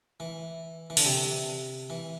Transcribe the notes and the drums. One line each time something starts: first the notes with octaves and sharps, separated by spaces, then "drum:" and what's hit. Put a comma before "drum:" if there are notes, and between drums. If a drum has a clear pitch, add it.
E3
E3
D3, drum: open hi-hat
C3
E3